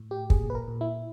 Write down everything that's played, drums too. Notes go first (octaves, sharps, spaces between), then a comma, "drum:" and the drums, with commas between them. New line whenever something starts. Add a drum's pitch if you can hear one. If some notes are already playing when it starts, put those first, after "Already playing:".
Already playing: A2
G4
A#2 G#4, drum: kick
B4
A#4
A#2
E4